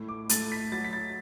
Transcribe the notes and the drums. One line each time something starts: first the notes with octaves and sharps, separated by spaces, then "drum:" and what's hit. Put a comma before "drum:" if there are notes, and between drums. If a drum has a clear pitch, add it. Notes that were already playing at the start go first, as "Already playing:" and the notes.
Already playing: A2
D6
A3 A6, drum: hi-hat
B6
F#3 A6
B6
A6